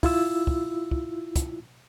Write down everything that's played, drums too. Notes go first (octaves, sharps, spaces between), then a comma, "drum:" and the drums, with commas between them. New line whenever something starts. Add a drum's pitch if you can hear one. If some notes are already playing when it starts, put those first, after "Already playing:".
E4 F4 E6, drum: kick, open hi-hat
drum: kick
drum: kick
drum: kick, hi-hat